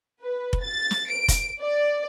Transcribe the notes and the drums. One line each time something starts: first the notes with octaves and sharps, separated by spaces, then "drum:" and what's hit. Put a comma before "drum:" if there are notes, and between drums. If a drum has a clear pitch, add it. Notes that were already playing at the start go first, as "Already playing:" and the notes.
B4
drum: kick F1
A6
drum: snare
D7
drum: kick F1, hi-hat
D5